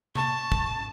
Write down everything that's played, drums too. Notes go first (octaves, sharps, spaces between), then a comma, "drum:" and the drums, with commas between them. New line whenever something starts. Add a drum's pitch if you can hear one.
A5 C#6, drum: tom C3
drum: kick